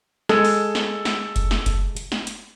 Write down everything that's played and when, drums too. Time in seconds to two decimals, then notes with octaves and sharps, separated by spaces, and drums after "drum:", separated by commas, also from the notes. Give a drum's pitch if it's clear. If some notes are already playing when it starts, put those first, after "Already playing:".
0.29 G#3 A4, drum: snare
0.45 drum: open hi-hat
0.75 drum: snare
1.05 drum: snare
1.36 drum: kick F1, hi-hat
1.51 drum: snare
1.66 drum: kick F1, hi-hat
1.97 drum: hi-hat
2.12 drum: snare
2.27 drum: hi-hat